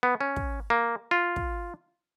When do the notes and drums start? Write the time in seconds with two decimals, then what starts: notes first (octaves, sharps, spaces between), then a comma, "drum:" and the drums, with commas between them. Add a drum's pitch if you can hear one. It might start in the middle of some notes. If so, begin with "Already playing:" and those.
0.03 B3
0.21 C#4
0.36 drum: kick
0.70 A#3
1.11 F4
1.36 drum: kick